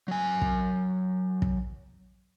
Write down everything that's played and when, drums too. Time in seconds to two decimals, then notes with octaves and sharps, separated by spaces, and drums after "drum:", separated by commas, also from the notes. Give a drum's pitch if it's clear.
0.08 F#3 G#5
0.42 drum: kick
1.42 drum: kick